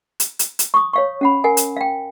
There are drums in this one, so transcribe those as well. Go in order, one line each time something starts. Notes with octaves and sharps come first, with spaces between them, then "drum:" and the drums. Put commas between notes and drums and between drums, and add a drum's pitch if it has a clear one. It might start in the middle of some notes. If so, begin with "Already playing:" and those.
drum: hi-hat
drum: hi-hat
drum: hi-hat
C#6 D#6
C#5 F5 C#6
C#4 F#5 B5
A#4 F#5 G#5
drum: hi-hat
F5 G5